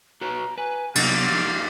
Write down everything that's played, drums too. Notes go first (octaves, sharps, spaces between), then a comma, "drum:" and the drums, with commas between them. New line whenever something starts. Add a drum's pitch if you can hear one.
F#4 B4 C#5 A#5
B4 G#5
C3 F#3 B3 G4 A#4 F5 A6, drum: cymbal
F3 G#3 D#4